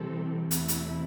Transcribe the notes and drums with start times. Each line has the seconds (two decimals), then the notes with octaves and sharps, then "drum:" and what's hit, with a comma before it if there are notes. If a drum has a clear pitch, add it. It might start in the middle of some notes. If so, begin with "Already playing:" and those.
Already playing: C3 E3 G3 C4 A4
0.51 E2 C3 A3 E4, drum: hi-hat
0.68 drum: hi-hat